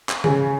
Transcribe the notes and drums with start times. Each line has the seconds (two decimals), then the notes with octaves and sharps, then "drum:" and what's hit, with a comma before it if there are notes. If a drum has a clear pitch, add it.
0.09 drum: clap
0.24 C#3, drum: tom D3